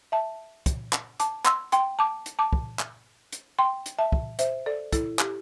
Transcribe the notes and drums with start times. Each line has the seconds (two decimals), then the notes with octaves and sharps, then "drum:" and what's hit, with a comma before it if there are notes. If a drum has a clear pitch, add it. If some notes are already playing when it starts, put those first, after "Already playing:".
0.12 E5 A5
0.66 drum: kick, hi-hat
0.93 drum: clap
1.20 A5 D6, drum: hi-hat
1.45 C6 E6, drum: clap
1.72 G5 C6, drum: hi-hat
1.99 A5 D6
2.26 drum: hi-hat
2.39 A5 D6
2.53 drum: kick
2.79 drum: clap
3.32 drum: hi-hat
3.59 G5 C6
3.86 drum: hi-hat
3.99 E5 A5
4.12 drum: kick
4.39 C5 E5, drum: hi-hat
4.66 A4 D5
4.93 E4 A4, drum: kick, hi-hat
5.19 G4, drum: clap